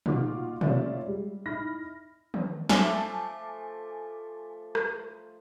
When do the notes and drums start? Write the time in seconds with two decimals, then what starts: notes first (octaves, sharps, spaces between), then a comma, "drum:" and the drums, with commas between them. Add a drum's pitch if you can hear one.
0.06 A#2 D#4 F4 F#4 D6, drum: tom B2
0.61 A#3 C#4 F4 D5 E5 F5, drum: tom B2
1.04 G3 G#3
1.46 D#4 E4 B5 F6 A#6
2.34 drum: tom D#3
2.69 F3 A3 G#5 A5 D6, drum: snare
4.75 drum: rim click